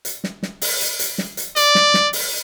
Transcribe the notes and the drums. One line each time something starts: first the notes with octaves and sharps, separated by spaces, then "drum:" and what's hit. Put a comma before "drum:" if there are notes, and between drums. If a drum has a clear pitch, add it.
drum: hi-hat
drum: snare
drum: snare
drum: open hi-hat
drum: hi-hat
drum: hi-hat
drum: snare
drum: hi-hat
D5, drum: hi-hat
drum: snare
drum: snare
drum: open hi-hat